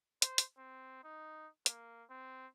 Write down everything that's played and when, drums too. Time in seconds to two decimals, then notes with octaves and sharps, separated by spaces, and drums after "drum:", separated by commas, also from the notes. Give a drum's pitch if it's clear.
0.22 C5, drum: hi-hat
0.38 drum: hi-hat
0.58 C4
1.04 D#4
1.66 A#3, drum: hi-hat
2.10 C4